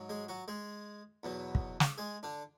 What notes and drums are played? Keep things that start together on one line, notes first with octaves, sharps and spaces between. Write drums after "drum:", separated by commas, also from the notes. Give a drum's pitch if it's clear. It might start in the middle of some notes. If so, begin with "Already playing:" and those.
Already playing: G#2 F#3
G#3 G#4
F#3 F#4
G#3 G#4
E2 B2 F#3
drum: kick
drum: snare
G#3 G#4
D3 D4